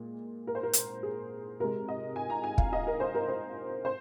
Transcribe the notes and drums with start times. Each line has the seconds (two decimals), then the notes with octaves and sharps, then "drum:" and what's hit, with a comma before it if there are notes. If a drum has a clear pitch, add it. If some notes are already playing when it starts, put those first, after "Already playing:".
Already playing: A#2 G#3
0.47 A#4
0.55 C5
0.63 A#4
0.73 drum: hi-hat
1.03 G#4
1.60 C3 G#3 A#4
1.88 D#5
2.16 G#5
2.30 A#5
2.44 G#5
2.58 F5, drum: kick
2.73 D#5
2.87 A#4
3.00 C5
3.14 A#4
3.28 C5
3.85 C5